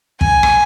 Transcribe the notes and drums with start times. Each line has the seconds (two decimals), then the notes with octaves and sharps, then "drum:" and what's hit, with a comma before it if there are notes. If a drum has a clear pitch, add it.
0.21 G#5, drum: kick
0.43 drum: rim click